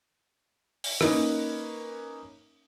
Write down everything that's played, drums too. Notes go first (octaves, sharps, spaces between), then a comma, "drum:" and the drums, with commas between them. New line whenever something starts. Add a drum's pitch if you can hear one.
drum: open hi-hat
A#3 C#4 D#4 A#4 B4, drum: rim click